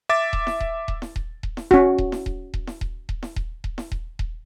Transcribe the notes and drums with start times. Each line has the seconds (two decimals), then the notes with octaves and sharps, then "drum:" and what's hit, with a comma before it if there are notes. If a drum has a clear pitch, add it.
0.09 E5 D6 A6
0.33 drum: kick D#1
0.47 drum: snare E4
0.60 drum: kick D#1
0.88 drum: kick D#1
1.02 drum: snare E4
1.16 drum: kick D#1
1.43 drum: kick D#1
1.57 drum: snare E4
1.71 C#4 F#4, drum: kick D#1
1.98 drum: kick D#1
2.12 drum: snare E4
2.26 drum: kick D#1
2.54 drum: kick D#1
2.67 drum: snare E4
2.81 drum: kick D#1
3.09 drum: kick D#1
3.23 drum: snare E4
3.36 drum: kick D#1
3.64 drum: kick D#1
3.78 drum: snare E4
3.92 drum: kick D#1
4.19 drum: kick D#1